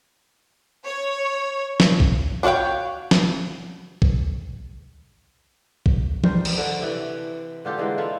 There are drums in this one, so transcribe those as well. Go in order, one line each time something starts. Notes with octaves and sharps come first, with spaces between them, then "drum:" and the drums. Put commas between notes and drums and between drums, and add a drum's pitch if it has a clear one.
C#5
drum: snare
drum: kick
D4 F#4 C#5 F5 G5
drum: snare
drum: kick
drum: kick
G3 A#4 C5, drum: tom E3
drum: cymbal
D3 A4
C3 E3
D3 F4 G4 A4
D3 E3 G#3 A#3
E4 F4 A4 E5